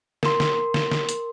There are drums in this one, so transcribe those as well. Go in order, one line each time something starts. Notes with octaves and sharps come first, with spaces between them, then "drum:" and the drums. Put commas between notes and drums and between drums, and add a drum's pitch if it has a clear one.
A#4 C6, drum: snare
drum: snare
drum: snare
drum: snare
drum: hi-hat